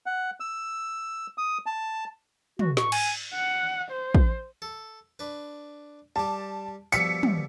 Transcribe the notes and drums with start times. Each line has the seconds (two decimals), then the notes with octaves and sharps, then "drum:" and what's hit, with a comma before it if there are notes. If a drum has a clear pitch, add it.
0.06 F#5
0.40 E6
1.38 D#6
1.66 A5
2.59 F#4, drum: tom
2.77 C#6, drum: snare
2.92 G#5, drum: cymbal
3.34 F#5
3.91 C5
4.15 drum: kick
4.62 A4
5.19 D4 B4
6.16 G3 G4 A5
6.92 B2 F3 G3 E6 B6 C#7, drum: tambourine
7.23 drum: tom